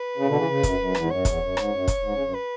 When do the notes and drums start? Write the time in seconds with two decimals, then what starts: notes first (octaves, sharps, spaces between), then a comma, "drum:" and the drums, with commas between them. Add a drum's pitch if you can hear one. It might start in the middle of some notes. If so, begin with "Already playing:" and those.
Already playing: B4
0.17 C#3
0.27 B2 D3
0.37 C#3 E3
0.48 C#3
0.63 F#2, drum: kick, hi-hat
0.79 F#2
0.95 E2, drum: rim click
1.03 G#2
1.10 F#2 C#5
1.25 E2, drum: kick, hi-hat
1.41 F#2
1.57 G#2, drum: rim click
1.72 F#2
1.88 drum: kick, hi-hat
2.03 G#2
2.14 C#3
2.24 F#2
2.34 B4